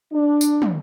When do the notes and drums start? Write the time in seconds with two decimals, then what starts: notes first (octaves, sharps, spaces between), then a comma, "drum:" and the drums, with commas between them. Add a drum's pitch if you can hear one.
0.12 D4
0.41 drum: tambourine
0.62 drum: tom